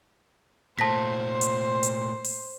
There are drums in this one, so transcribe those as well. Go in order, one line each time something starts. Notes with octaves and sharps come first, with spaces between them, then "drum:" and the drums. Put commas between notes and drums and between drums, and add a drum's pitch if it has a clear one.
A#2 A3 C5 A5 C6 A#6 B6
drum: hi-hat
drum: hi-hat
drum: open hi-hat